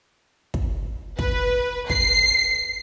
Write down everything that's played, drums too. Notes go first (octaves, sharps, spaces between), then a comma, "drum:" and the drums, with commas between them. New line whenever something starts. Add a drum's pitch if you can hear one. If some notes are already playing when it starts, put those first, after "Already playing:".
drum: kick
B4, drum: kick
C7, drum: kick